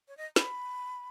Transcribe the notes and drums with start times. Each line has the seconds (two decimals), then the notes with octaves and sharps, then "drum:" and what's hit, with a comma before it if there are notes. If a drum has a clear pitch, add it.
0.08 C#5
0.17 D#5
0.36 B5, drum: snare